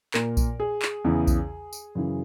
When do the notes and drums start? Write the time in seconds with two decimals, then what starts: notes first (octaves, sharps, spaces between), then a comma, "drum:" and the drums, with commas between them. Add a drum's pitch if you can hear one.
0.14 A#2 A#4, drum: clap
0.37 drum: kick A#1, tambourine
0.60 G#4
0.82 drum: clap
1.05 E2 C#3 E3
1.27 drum: kick A#1, tambourine
1.73 drum: tambourine
1.95 F#2 C#3 E3